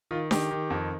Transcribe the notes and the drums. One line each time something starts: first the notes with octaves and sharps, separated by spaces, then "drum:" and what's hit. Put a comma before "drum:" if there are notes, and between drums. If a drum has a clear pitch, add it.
D#3 F4
D#3 G4, drum: snare D4
D#3
F2